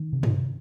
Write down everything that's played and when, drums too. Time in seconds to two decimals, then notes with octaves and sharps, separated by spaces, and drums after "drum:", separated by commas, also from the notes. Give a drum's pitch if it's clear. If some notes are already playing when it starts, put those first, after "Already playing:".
Already playing: D#3
0.13 C3
0.23 drum: tom